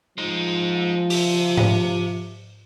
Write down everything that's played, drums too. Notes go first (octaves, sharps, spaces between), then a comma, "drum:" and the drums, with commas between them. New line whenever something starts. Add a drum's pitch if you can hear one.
F3 G#3 D#4
G4 E5, drum: open hi-hat
drum: tom G#2